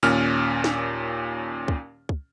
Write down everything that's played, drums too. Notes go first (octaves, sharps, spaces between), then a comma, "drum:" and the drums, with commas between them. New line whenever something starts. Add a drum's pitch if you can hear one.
D#2 A#2 C#4 F6, drum: tambourine
drum: snare
drum: kick
drum: kick